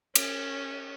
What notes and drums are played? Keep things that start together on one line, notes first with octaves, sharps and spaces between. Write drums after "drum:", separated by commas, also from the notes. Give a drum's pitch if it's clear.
C#4, drum: cymbal